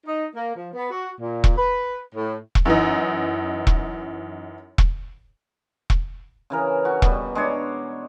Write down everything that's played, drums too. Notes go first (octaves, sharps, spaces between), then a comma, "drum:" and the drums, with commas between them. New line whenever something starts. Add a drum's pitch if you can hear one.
D#4
A#3
F3
B3
F#4
A#2
drum: kick E1
B4
A2
drum: kick E1
F#2 E3 D#4
drum: kick E1
drum: kick E1
drum: kick E1
C#3 E3 A#4
F#4
B2 G3, drum: kick E1
G#3 D4 C#5